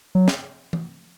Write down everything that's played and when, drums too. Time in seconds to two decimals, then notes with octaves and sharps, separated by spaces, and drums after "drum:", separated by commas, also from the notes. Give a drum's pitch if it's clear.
0.15 F#3
0.28 drum: snare
0.73 drum: tom E3